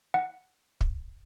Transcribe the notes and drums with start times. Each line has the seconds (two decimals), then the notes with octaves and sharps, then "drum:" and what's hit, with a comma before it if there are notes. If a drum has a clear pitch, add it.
0.14 F#5
0.81 drum: kick